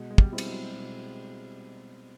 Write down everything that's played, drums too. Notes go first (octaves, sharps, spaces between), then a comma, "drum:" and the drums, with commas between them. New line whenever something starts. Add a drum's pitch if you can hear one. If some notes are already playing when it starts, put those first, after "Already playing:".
Already playing: B2 G#3
G#3
G3, drum: kick
G#3 C4 E4
G3, drum: cymbal
F#3
B2